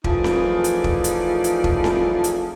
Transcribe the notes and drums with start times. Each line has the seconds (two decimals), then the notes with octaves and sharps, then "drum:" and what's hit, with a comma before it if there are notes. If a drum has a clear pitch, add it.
0.04 E3 F3 A3 D#4 G#4 D5, drum: kick
0.24 drum: snare C4
0.64 drum: hi-hat
0.84 drum: kick
1.04 drum: hi-hat
1.44 drum: hi-hat
1.64 drum: kick
1.84 drum: snare C4
2.24 drum: hi-hat